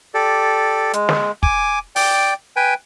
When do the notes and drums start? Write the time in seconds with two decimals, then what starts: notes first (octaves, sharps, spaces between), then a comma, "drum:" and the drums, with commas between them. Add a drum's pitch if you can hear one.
0.14 G4 A4 D5
0.93 G#3, drum: hi-hat
1.09 drum: snare
1.43 G#5 D6, drum: kick
1.96 D5 G5, drum: open hi-hat
2.56 B4 G5 G#5